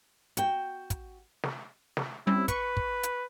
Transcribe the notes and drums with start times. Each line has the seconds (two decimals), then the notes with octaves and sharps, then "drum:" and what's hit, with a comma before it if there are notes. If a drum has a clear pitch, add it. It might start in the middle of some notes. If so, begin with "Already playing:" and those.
0.37 F#4 G5, drum: hi-hat
0.90 drum: kick, hi-hat
1.43 drum: snare
1.97 drum: snare
2.27 G3 C4 C#4 E4
2.48 B4 C#6, drum: kick, hi-hat
2.77 drum: kick
3.03 drum: hi-hat